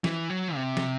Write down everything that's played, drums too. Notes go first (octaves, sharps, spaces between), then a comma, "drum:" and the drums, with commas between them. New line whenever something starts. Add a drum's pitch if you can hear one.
E3, drum: snare
F#3
C3
drum: snare